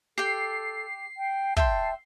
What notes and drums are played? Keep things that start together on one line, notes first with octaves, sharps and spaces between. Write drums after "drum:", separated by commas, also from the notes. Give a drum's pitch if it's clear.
G4 A4 G5 C7
G5
E5 G5 A5 C6, drum: kick